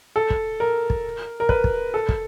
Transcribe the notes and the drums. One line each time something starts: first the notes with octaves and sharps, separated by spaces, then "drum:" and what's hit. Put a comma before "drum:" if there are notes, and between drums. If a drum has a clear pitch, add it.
A4
drum: kick
A#4
drum: kick
A#4
B4, drum: kick
drum: kick
A4
drum: kick